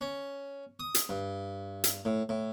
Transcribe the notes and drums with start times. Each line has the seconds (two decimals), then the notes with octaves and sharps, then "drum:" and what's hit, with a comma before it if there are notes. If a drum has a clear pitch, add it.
0.01 C#4
0.80 D#6
0.95 drum: hi-hat
1.09 G2
1.84 drum: hi-hat
2.05 A2
2.29 A2